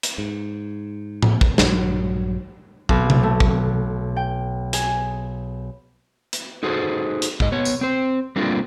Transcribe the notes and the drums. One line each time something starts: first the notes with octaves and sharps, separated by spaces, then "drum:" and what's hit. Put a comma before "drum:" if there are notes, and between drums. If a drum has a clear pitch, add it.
drum: hi-hat
G#2
drum: tom A2
drum: kick
A#1 G2 F#3, drum: snare
B1, drum: kick
drum: tom C3
A3
drum: kick
G5
G#4, drum: hi-hat
drum: hi-hat
D#4 F#4 G#4 A4 C5
drum: hi-hat
G#2 D#5, drum: kick
B3 C#5
drum: tambourine
C4 C5
G3 A3 A#3 C4 D4 F4